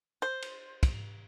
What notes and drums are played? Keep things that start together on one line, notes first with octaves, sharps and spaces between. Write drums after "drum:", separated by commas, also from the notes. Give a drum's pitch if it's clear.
C5
drum: cymbal
drum: kick, cymbal